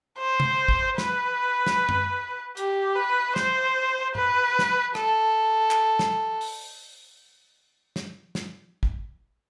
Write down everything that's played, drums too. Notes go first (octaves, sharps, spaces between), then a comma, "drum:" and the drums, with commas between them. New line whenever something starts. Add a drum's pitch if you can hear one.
C5
drum: tom C3
drum: kick
B4, drum: snare
drum: snare
drum: tom F#2
G4, drum: hi-hat
B4
C5, drum: snare
B4, drum: tom G#2
drum: snare
A4, drum: rim click
drum: clap
drum: snare
drum: open hi-hat
drum: snare
drum: snare
drum: kick